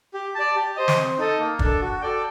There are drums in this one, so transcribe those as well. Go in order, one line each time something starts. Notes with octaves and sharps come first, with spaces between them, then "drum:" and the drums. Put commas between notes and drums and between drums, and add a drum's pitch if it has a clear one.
G4
D5 A5
G4
C5 D#5
drum: snare
C4
D#4 A4 D#5
A#3
D4 A4, drum: kick
F#4
A4 D5 G5